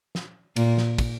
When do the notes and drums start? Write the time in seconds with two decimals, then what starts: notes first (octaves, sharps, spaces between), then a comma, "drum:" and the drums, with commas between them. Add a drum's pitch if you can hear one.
0.15 drum: snare
0.56 A#2, drum: cymbal
0.78 drum: snare
0.98 drum: kick, cymbal